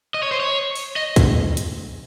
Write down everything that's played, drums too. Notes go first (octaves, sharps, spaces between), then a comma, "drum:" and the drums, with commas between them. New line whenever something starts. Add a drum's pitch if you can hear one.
D#5
C#5
C5
C#5
drum: open hi-hat
D#5
drum: kick, hi-hat
drum: hi-hat